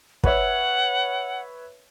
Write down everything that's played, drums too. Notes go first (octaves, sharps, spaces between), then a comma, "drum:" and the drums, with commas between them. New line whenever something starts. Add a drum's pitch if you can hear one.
B4 C#5 E5 F#5, drum: kick